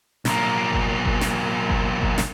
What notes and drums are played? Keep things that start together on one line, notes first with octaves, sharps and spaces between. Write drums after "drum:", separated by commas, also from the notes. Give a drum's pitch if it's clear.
B1 A#3, drum: snare
drum: kick G1
drum: kick G1
drum: snare
drum: kick G1
drum: kick G1
drum: snare